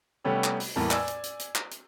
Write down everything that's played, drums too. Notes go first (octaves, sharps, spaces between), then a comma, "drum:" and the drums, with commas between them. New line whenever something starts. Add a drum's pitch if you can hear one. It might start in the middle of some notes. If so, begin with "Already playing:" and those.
C3 G3 A3 B3 C#4 G4
drum: clap
drum: open hi-hat
E2 A2 G3 A#3 A5
D5 G#5 E6, drum: clap
drum: hi-hat
drum: hi-hat
drum: hi-hat
drum: clap
drum: hi-hat